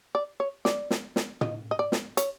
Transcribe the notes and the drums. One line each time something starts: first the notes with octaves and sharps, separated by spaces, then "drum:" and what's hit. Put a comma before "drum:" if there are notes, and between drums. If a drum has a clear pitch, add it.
D5
C#5
D5, drum: snare
drum: snare
drum: snare
D#5, drum: tom
D#5
D5
drum: snare
C#5, drum: hi-hat